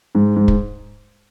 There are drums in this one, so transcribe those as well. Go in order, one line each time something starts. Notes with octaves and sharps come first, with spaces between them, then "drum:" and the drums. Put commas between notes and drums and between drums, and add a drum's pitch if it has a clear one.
G#2
G#2
drum: kick